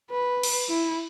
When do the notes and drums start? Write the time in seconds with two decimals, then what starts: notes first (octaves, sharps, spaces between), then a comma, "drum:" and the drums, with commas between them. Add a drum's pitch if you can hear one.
0.11 B4
0.43 drum: cymbal
0.69 E4